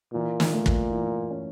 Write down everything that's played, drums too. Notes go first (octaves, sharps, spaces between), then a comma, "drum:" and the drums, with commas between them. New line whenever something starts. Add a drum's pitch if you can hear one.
A#2 E3
drum: snare
A3
drum: kick
E3
C#4